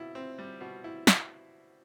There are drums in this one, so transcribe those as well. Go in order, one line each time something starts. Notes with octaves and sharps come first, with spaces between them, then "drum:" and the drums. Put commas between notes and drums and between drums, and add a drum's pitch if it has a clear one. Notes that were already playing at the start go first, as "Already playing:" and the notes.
Already playing: B2 E4
C4
G3
B2
E4
drum: snare